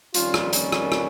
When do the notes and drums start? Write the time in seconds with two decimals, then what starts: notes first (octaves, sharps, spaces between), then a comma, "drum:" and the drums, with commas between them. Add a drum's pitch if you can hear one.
0.14 F2 D#3 G3 C#4 F4, drum: hi-hat
0.34 drum: rim click
0.53 A#3 C#4, drum: hi-hat
0.72 drum: rim click
0.92 drum: rim click